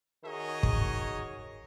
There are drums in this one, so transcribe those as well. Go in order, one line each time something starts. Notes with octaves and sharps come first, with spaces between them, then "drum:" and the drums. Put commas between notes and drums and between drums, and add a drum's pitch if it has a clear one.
D#3 F#4 G#4 A#4 C#5 D#5
drum: kick